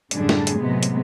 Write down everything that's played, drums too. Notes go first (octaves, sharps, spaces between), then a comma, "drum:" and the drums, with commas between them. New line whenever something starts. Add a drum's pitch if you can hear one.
F#2 A2 D3 G3 D4 G#4, drum: hi-hat
drum: snare
drum: hi-hat
A2 C3 F#3 G#3 B3
drum: hi-hat